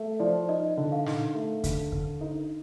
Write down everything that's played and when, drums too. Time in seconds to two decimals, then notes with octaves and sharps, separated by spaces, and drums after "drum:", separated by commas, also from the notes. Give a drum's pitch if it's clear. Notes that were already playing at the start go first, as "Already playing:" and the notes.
Already playing: A3
0.20 F3 D5
0.49 D#4 D#5
0.77 D3
0.92 F5
1.06 D#4, drum: snare
1.35 A3
1.64 D3, drum: kick, hi-hat
1.92 D3, drum: kick
2.21 D#4